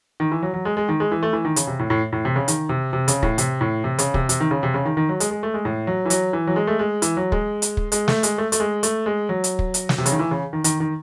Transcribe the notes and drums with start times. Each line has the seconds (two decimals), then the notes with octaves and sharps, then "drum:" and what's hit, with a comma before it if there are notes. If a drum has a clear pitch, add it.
0.20 D#3
0.32 E3
0.42 F#3
0.54 F#3
0.65 G#3
0.77 G#3
0.89 D#3
1.00 G#3
1.11 E3
1.23 A3
1.33 E3
1.45 D#3
1.56 C#3, drum: hi-hat
1.67 C3
1.79 A2
1.90 A2
2.12 A2
2.25 C3
2.36 C#3
2.48 D#3, drum: hi-hat
2.69 C3
2.93 C3
3.08 C#3, drum: hi-hat
3.23 A2, drum: kick
3.38 C3, drum: hi-hat
3.61 A2
3.84 C3
3.99 C#3, drum: hi-hat
4.14 C3, drum: kick
4.29 C3, drum: hi-hat
4.40 D#3
4.51 C#3
4.63 C3
4.74 C#3
4.85 D#3
4.97 D#3
5.09 F#3
5.20 G#3, drum: hi-hat
5.31 G#3
5.43 A3
5.54 G#3
5.65 A2
5.87 F#3
6.06 E3
6.10 F#3, drum: hi-hat
6.33 E3
6.47 F#3
6.56 G#3
6.67 A3
6.79 G#3
7.02 E3, drum: hi-hat
7.17 F#3
7.32 G#3, drum: kick
7.62 drum: hi-hat
7.77 drum: kick
7.92 G#3, drum: hi-hat
8.08 A3, drum: snare
8.23 G#3, drum: hi-hat
8.38 A3
8.52 A3, drum: hi-hat
8.60 G#3
8.83 A3, drum: hi-hat
9.06 G#3
9.29 F#3
9.44 drum: hi-hat
9.59 drum: kick
9.74 drum: hi-hat
9.89 drum: snare
9.98 C3
10.06 C#3, drum: hi-hat
10.12 D#3
10.19 E3
10.31 C#3
10.53 D#3
10.64 D#3, drum: hi-hat
10.80 D#3